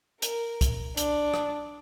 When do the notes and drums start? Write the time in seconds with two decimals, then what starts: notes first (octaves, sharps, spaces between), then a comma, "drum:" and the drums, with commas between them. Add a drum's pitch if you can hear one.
0.22 A#4, drum: hi-hat
0.61 drum: kick, hi-hat
0.97 D4, drum: hi-hat
1.34 drum: rim click